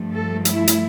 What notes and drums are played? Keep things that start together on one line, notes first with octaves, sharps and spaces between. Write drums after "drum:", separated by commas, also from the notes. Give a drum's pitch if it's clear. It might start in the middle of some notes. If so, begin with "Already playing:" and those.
Already playing: G2 F3 A3
A4
E4, drum: hi-hat
drum: hi-hat